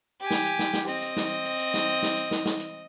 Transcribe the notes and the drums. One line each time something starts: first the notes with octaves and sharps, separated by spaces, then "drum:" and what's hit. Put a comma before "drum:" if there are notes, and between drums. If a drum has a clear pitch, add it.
G4 G#5
drum: snare
drum: hi-hat
drum: snare
drum: snare
C4 D#5, drum: hi-hat
drum: hi-hat
drum: snare
drum: hi-hat
drum: hi-hat
drum: hi-hat
drum: snare
drum: hi-hat
drum: snare
drum: hi-hat
drum: snare
drum: snare
drum: hi-hat